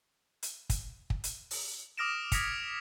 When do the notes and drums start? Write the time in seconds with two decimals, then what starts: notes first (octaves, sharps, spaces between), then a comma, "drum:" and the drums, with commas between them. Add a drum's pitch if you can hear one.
0.43 drum: hi-hat
0.70 drum: kick, hi-hat
1.10 drum: kick
1.24 drum: hi-hat
1.51 drum: open hi-hat
1.98 D6 D#6 F6 A#6 D7 E7
2.32 D#6 G#6 A#6 B6 C#7 F7, drum: kick, hi-hat